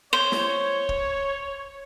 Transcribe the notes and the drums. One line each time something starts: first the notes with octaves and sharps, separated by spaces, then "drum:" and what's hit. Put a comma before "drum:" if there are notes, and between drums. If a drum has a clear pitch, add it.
C5 C#5
drum: snare
drum: kick